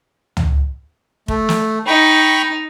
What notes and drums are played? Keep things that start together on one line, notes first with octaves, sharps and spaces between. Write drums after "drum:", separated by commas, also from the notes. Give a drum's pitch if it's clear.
drum: tom
A3, drum: kick
drum: snare
D#4 G5 B5 C#6